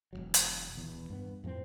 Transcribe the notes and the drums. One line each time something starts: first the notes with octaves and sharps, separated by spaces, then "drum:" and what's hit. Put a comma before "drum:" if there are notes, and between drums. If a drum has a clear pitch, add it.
E1 C2 F#3
drum: hi-hat
D#1 E2
G2 B3
F2 A2 A#3 C4